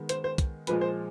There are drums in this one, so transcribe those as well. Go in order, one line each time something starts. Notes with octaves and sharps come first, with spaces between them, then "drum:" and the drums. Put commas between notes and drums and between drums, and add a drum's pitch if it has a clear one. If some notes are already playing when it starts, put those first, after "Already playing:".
Already playing: D#3 G#3 B3
C5, drum: hi-hat
C5
drum: kick, hi-hat
A#2 F3 G#3 B4, drum: hi-hat
C5